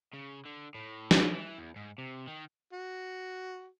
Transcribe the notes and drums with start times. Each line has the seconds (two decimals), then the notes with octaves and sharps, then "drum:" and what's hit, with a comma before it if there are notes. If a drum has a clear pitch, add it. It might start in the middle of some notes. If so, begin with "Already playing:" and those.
0.14 C#3
0.46 D3
0.75 A2
1.11 drum: snare
1.34 E3
1.59 E2
1.76 G#2
1.98 C3
2.28 D#3
2.73 F#4